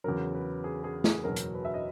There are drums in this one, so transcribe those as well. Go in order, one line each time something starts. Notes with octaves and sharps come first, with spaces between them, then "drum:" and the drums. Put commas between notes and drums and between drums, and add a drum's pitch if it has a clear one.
E2 C#3 F#3 A#4
B4
G#4
G#4
G#4, drum: snare
F#1 E2 B2 F#3 A#4
drum: hi-hat
B4
E5
D#5